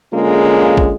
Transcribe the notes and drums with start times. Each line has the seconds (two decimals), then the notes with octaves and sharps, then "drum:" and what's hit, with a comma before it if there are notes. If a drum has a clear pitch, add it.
0.13 D3 G#3 A#3 C#4 F4 G#4
0.77 drum: kick